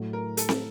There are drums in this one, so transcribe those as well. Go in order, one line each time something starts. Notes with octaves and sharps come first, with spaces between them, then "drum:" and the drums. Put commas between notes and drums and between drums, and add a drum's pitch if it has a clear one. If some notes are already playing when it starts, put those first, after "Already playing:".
Already playing: A2 F#3 A3
A#4
A4, drum: hi-hat
drum: snare